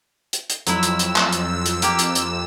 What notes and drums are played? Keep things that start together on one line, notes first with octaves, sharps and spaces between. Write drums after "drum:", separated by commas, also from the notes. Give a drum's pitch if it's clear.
drum: hi-hat
drum: hi-hat
F2 F#3 E4 E6, drum: hi-hat
drum: hi-hat
drum: hi-hat
drum: clap
drum: hi-hat
drum: hi-hat
A#3 G4, drum: hi-hat
drum: hi-hat
drum: hi-hat